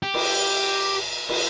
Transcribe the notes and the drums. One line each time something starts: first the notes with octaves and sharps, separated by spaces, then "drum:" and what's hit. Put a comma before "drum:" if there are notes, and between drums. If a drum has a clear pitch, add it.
G4
drum: cymbal
drum: cymbal